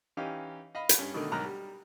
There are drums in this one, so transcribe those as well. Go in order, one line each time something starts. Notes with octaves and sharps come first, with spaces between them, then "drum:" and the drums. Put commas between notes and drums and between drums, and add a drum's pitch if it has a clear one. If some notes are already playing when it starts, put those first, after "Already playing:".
E3 C#4 D#4 G4 F5
D#5 F5 B5
drum: hi-hat
G2 C#4
B2 D3 D#3 A3
B1 G#2 A#4 A#5 F6 F#6
G3